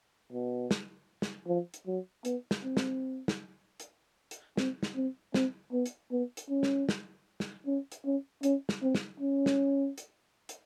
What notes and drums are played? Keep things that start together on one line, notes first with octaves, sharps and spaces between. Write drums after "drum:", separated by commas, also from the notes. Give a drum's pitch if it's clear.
B2
drum: snare
drum: snare
F3
drum: hi-hat
F#3
B3, drum: hi-hat
drum: snare
C4
drum: snare
drum: snare
drum: hi-hat
drum: hi-hat
C4, drum: snare
drum: snare
C4
C4, drum: snare
B3
drum: hi-hat
B3
drum: hi-hat
C#4
drum: snare
drum: snare
drum: snare
C#4
drum: hi-hat
C#4
C#4, drum: hi-hat
drum: snare
C4
drum: snare
C#4
drum: snare
drum: hi-hat
drum: hi-hat